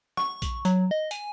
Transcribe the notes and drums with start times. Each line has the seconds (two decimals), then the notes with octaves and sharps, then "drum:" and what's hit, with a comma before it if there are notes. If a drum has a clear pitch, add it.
0.17 C#6, drum: rim click
0.42 drum: kick A#1, hi-hat
0.65 F#3, drum: hi-hat
0.91 D#5
1.11 G#5, drum: hi-hat